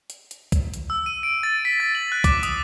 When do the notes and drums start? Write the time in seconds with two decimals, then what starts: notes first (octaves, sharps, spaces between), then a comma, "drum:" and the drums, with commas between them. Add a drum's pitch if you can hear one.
0.10 drum: hi-hat
0.31 drum: hi-hat
0.52 drum: kick C2, hi-hat
0.74 drum: hi-hat
0.90 E6
1.06 D#7
1.23 D7
1.43 A6
1.65 B6
1.80 A6
1.95 F#7
2.12 F#6
2.24 D6, drum: kick C2, hi-hat
2.43 D#6, drum: hi-hat